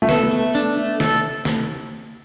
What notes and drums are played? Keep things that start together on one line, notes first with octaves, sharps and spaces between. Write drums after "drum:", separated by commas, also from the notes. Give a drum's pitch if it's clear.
A3
B3 A4, drum: snare
A3
D4
A3
A4, drum: snare
drum: snare